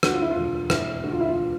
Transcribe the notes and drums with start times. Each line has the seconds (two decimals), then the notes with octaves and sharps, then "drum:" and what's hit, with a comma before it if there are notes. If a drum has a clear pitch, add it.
0.03 D2 F#4, drum: rim click
0.12 F4
0.22 E4
0.30 F4
0.36 E1
0.70 E1 E4, drum: rim click
1.03 D2 F#4
1.12 F4
1.20 E4
1.28 F4